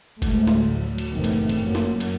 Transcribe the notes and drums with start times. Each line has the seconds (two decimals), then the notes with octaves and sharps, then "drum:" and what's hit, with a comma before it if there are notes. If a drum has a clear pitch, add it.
0.22 D2 A2 G#3 A3, drum: kick, cymbal
0.47 drum: snare
0.74 F#3
0.98 drum: cymbal
1.13 F#1 E2 A2 C3 D#3 A3
1.24 drum: cymbal
1.49 drum: cymbal
1.63 F#2 F#3 A#3
1.75 drum: snare
2.00 drum: cymbal